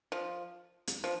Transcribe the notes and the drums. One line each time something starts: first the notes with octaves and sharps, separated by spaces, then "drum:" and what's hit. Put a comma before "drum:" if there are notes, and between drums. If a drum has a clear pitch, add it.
F3
drum: hi-hat
F3